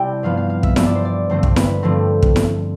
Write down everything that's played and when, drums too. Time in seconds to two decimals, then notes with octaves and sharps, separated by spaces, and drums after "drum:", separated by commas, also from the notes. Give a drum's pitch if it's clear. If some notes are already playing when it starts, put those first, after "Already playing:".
Already playing: C3 G3 C4 E4 D5 G5 A5
0.23 G2 F3 B3 F5
0.37 F5
0.50 F5
0.63 E5, drum: kick
0.76 G2 F3 B3 E5, drum: snare E4
0.86 D5
0.95 C5
1.05 D5
1.30 G2 D3 F3 A3 C4 C5
1.43 drum: kick
1.56 B4, drum: snare E4
1.82 G2 D3 F3 A3 C4
2.22 drum: kick
2.36 drum: snare E4